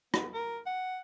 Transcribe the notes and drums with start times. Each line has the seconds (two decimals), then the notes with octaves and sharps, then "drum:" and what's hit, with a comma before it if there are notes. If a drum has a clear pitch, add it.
0.14 B3, drum: rim click
0.34 A#4
0.66 F#5